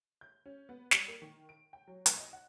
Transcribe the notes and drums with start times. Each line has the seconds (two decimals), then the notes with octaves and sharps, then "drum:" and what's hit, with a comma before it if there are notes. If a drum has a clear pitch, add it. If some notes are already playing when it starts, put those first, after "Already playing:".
0.21 G6
0.46 C#4
0.69 B3
0.91 G3, drum: snare
1.08 A#3
1.22 D#3
1.49 D7
1.73 G5
1.87 F#3
2.06 B1, drum: hi-hat
2.18 D#5
2.33 F#5